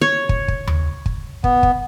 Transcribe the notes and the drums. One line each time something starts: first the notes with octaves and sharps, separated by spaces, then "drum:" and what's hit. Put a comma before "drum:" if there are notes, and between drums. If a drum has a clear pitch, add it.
C#5
drum: kick
drum: kick
drum: tom D#2
drum: kick
B3, drum: kick
drum: kick